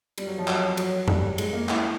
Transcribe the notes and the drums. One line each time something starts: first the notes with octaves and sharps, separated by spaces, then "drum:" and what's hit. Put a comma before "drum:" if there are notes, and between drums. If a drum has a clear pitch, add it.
G3, drum: cymbal
F#3
F3
F#3, drum: clap
F#3, drum: cymbal
G3, drum: tom F2
G#3, drum: cymbal
A#3
E4, drum: clap